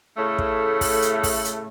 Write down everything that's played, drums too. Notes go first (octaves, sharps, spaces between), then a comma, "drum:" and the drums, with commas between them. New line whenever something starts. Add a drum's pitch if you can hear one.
A2 C#3 A3
drum: kick
drum: kick, open hi-hat
drum: hi-hat
drum: kick, open hi-hat
drum: hi-hat